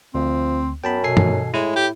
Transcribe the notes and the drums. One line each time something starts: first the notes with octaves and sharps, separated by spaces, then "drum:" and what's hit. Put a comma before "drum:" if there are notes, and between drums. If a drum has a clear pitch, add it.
D2 F3 C4
F#2 B3 G5 A5 B5
B2 A4 G#5 C7
drum: tom
A2 G#3 E4
G4